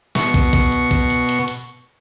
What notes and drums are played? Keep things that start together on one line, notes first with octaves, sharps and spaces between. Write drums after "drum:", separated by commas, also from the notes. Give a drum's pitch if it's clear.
B2 C#6, drum: snare
drum: kick, hi-hat
drum: kick, hi-hat
drum: hi-hat
drum: kick, hi-hat
drum: hi-hat
drum: hi-hat
drum: hi-hat